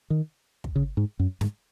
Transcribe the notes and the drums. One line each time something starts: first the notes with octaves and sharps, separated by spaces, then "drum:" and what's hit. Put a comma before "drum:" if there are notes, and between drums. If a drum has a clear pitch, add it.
D#3
drum: kick
C#3
G#2
F#2
G#2, drum: snare